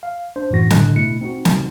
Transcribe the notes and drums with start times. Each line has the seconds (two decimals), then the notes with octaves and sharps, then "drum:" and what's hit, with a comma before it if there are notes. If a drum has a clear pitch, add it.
0.03 F5
0.36 D4 C5
0.51 F#2 A2 E3 F#4 A#6
0.70 A2 D3 D4 D#5 F#6, drum: snare
0.96 B2 A3 E4 C#7
1.21 C4 D#4 F#4
1.45 drum: snare